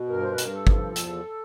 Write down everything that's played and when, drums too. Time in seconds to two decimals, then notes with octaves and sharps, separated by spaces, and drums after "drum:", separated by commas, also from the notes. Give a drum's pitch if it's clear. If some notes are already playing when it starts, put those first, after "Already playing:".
Already playing: B2
0.09 G2 A#4
0.22 C5
0.32 B4
0.38 G2 A#4, drum: hi-hat
0.53 A4
0.67 F3, drum: kick
0.96 E2, drum: hi-hat